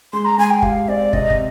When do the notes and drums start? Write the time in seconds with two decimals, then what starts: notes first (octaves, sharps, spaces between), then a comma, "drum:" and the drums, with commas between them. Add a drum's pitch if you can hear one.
0.13 G#3 C6
0.25 A#5
0.38 G#3 G#5
0.50 G5
0.62 G4 F5, drum: kick
0.88 C4 D5
1.13 C3 D#5, drum: kick
1.30 drum: kick